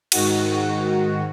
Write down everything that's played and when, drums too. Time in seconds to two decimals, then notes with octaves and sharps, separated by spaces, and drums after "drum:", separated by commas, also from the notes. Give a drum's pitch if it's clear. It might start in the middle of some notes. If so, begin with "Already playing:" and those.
0.12 G#2 D#3 F#4, drum: cymbal